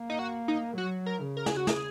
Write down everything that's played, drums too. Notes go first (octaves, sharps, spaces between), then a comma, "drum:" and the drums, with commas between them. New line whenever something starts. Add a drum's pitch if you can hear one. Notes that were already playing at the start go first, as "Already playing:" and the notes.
Already playing: A#3
D#4
F#4
D#4
F#3 F#4
A#4
C#3
A#4
G#4, drum: snare
F#4
G#4, drum: snare